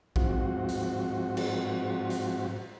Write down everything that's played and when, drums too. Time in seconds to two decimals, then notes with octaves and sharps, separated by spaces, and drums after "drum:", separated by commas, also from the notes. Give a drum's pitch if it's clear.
0.16 G#2 F3 C4 F#4, drum: kick A#1
0.69 drum: hi-hat
1.37 drum: cymbal
2.10 drum: hi-hat